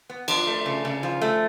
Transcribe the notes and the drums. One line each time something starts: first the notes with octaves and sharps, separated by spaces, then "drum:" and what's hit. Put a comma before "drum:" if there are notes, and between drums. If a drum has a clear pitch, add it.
B3
F3 D4, drum: cymbal
A3
C#3
C#3
F3
A3